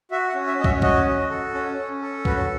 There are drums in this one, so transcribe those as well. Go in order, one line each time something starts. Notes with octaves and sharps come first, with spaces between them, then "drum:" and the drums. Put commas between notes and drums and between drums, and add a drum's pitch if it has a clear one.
F#4 E5
F#5
C#4
E5
C#4 D#5
E5, drum: kick
F#4 D#5, drum: kick
F#4
A4
C#4
C#4
A4
F#4 B4, drum: kick